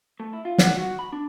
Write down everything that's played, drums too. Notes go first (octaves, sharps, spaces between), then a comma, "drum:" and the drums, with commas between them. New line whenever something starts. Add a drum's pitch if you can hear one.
A3
E4
F4
F#5, drum: snare
F#4
B5
D4